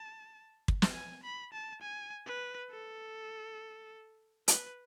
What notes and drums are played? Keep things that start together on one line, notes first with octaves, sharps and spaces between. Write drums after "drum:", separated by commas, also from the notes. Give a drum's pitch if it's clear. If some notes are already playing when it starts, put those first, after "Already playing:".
Already playing: A5
drum: kick
drum: snare
G#5
B5
A5
G#5
B4
A4
B4, drum: hi-hat